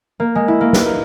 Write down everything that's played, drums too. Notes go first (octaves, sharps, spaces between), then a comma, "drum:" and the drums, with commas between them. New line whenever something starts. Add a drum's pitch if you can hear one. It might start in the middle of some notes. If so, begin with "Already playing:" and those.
A#3
G#3
E4
A#3
B4, drum: snare
A#3